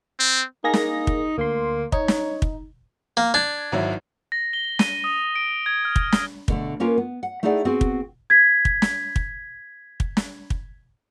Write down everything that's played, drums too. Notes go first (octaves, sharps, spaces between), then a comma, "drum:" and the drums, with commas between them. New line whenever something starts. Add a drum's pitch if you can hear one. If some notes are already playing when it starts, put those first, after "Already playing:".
C4
A#3 D#4 G#4 A#6
drum: snare
drum: kick
D2 A#3 C6
D#4 C#5, drum: kick
drum: snare
drum: kick
A#3
D4 G#6
G#1 F#3 E4
A#6
G7
D#7, drum: snare
D#6
D7
G#6
F6
drum: kick
drum: snare
B2 D3 A3, drum: kick
A#3 C#4 F4 A#4 B4
B3
F#5
A3 D#4 E4 G#4 D5 F#5
B3 C4 F#4 G#4
drum: kick
G#6 B6
drum: kick
drum: snare
drum: kick
drum: kick
drum: snare
drum: kick